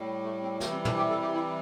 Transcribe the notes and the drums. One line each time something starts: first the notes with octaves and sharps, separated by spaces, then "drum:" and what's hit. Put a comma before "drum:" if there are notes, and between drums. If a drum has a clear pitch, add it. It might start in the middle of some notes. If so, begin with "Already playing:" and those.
Already playing: A2 G3
A3
C4
C3 E3 G3 A3, drum: snare
C4
D4, drum: tom
G4
A4
G4
E4